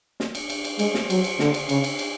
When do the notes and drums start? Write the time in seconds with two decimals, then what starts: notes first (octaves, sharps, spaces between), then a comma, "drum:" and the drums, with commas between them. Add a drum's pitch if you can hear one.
0.20 drum: snare
0.35 drum: cymbal
0.50 drum: cymbal
0.65 drum: cymbal
0.79 G#3, drum: cymbal
0.94 drum: snare
1.10 F#3, drum: cymbal
1.24 drum: cymbal
1.39 D3, drum: snare
1.54 drum: cymbal
1.69 C#3, drum: cymbal
1.84 drum: cymbal
1.99 drum: cymbal